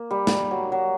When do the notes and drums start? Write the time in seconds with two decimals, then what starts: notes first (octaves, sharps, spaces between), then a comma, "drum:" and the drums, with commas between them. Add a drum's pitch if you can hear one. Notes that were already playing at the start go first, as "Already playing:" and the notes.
Already playing: A#3
0.11 G3
0.27 drum: snare
0.51 F#3
0.72 F#3